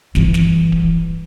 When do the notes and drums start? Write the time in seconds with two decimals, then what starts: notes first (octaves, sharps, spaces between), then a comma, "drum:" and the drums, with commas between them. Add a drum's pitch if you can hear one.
0.15 G2 E3, drum: snare
0.34 drum: snare
0.72 drum: kick D1